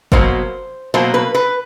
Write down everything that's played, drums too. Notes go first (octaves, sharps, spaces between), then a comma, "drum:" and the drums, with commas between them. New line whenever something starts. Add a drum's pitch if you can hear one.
B2 F#3 A#3 C5, drum: kick
B2 F#3 A#3 C5
B4
B4